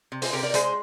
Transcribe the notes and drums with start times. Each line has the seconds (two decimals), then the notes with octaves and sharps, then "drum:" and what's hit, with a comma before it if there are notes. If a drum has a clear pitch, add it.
0.12 C3
0.22 G#4 C5, drum: open hi-hat
0.33 C3 G4 A#4
0.43 A#4 D5
0.54 G#3 G#4 C5, drum: hi-hat